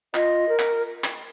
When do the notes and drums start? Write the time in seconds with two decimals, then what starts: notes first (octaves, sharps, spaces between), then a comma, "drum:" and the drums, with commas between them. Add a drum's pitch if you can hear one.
0.15 F4 D#5, drum: clap
0.48 A#4
0.59 drum: clap
1.04 drum: clap